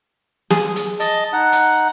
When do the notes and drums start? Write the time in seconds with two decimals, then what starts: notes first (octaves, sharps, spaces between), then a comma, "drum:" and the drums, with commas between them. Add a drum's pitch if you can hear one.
0.50 G#4, drum: snare
0.76 drum: hi-hat
1.00 D#5 A5, drum: hi-hat
1.33 D#4 F#5
1.52 drum: hi-hat